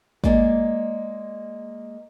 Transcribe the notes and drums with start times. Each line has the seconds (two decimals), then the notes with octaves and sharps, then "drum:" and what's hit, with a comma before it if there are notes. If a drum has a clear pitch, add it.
0.24 G#3 A#3 D5, drum: kick